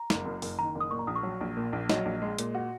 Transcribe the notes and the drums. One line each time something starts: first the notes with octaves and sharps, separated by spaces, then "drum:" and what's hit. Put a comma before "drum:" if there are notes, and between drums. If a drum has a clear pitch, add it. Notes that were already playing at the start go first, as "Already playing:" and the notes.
Already playing: A#5
F#1, drum: snare
F#2
F#1, drum: open hi-hat
D#3 A#5
F#1
D#6
A#2 C#6
A#5
A#1 D#6
C#6
F#3
A#1
A#2
A#1
F#3 D#5, drum: snare
A#1
G#3
A#2, drum: hi-hat
F#4